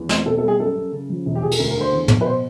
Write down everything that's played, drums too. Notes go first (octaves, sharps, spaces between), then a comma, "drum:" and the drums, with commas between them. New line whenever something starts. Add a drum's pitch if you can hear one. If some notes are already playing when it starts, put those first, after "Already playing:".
Already playing: E2
C4, drum: snare
B2 A4
A4
G3 G#4
F#2 A4
F#2
C#3
F3
E1
G4
E1 G#4
A4, drum: cymbal
D2 A#4
A#4
D3
C5
E2
B3, drum: tom
B4
B2 C5